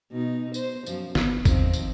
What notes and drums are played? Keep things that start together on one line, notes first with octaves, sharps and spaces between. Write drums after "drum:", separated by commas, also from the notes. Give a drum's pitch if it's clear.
B2 D#4
C5, drum: tambourine
F#2 F3, drum: tambourine
G1 B3, drum: snare
E2 D#3 F3 C4, drum: kick G1, tambourine
drum: tambourine